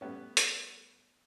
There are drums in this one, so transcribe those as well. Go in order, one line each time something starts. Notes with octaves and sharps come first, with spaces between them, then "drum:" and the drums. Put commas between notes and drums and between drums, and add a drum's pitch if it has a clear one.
G3 A3 B3 C#4
drum: hi-hat